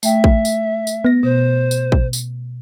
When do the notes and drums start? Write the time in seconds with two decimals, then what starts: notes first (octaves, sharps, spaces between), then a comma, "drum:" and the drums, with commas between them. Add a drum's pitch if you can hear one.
0.03 A3 E5 G5, drum: tambourine
0.24 drum: kick
0.45 drum: tambourine
0.87 drum: tambourine
1.05 B3 A#6
1.23 B2 C5
1.71 drum: tambourine
1.92 drum: kick
2.13 drum: tambourine